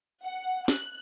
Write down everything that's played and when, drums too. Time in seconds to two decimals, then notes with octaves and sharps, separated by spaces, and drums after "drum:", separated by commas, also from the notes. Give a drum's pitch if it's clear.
0.24 F#5
0.68 F#6, drum: snare